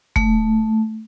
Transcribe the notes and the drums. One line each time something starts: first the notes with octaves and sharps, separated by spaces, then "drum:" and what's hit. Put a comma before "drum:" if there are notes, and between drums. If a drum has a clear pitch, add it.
A3, drum: kick